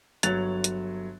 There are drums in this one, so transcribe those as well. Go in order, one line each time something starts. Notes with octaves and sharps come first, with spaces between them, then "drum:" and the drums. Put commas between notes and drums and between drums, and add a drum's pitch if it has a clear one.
G1 F#3 C#5 F#6 A6 F7, drum: hi-hat
drum: hi-hat